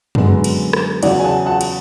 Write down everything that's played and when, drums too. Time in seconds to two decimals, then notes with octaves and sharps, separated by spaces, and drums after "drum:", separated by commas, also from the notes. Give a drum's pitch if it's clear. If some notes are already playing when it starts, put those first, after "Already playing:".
0.15 F#2 D3 G#3 B3, drum: tom F#2
0.44 drum: cymbal
0.73 drum: rim click
1.03 E2 C#3 F#3 D5 F#5, drum: cymbal
1.19 G#5
1.24 F#5 A5
1.46 F#5 A5
1.61 drum: cymbal